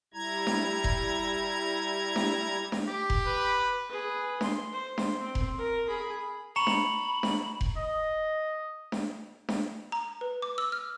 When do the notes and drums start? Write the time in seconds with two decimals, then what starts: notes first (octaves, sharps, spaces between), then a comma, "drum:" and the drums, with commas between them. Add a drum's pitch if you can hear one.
0.14 G3 E4 A#5 G#6
0.47 drum: snare D4
0.84 drum: kick F1
2.16 drum: snare D4
2.72 drum: snare D4
2.87 G4
3.10 drum: kick F1
3.27 B4
3.89 G#4 B4
4.41 C6, drum: snare D4
4.73 C5
4.98 drum: snare D4
5.20 C4
5.35 drum: kick F1
5.58 A#4
5.88 G#4 B5
6.56 A#5 B5 C#6 C#7 E7 F#7
6.67 drum: snare D4
7.23 drum: snare D4
7.61 drum: kick F1
7.77 D#5
8.92 drum: snare D4
9.49 drum: snare D4
9.92 A#5
10.21 B4
10.42 D6
10.58 E6
10.72 F6